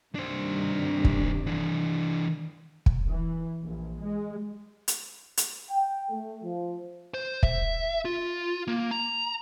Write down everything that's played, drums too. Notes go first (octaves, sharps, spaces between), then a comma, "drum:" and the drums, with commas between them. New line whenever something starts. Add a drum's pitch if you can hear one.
G2 C3 D#3 D4 C5
drum: kick
E3 D4
drum: kick
E3
A#1
G#3
drum: hi-hat
drum: hi-hat
G5
A3
F3
C5
E5, drum: kick
F4
A#3
A#5